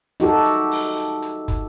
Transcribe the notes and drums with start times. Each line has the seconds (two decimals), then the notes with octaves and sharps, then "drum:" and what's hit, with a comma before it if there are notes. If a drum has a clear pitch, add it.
0.20 D#4 F#4 G4 A4, drum: hi-hat
0.46 drum: hi-hat
0.71 drum: open hi-hat
0.97 drum: hi-hat
1.22 drum: hi-hat
1.48 drum: kick, hi-hat